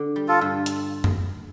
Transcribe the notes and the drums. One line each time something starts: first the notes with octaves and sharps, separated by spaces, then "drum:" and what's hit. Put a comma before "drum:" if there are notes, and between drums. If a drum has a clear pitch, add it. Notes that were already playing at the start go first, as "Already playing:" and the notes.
Already playing: D3
G3
F4 A4
G2
drum: hi-hat
drum: tom F#2